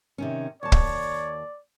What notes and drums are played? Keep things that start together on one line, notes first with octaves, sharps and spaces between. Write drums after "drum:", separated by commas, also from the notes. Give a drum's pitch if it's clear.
C3 D#3 C#4
D#2 C#5 D5 A5
drum: kick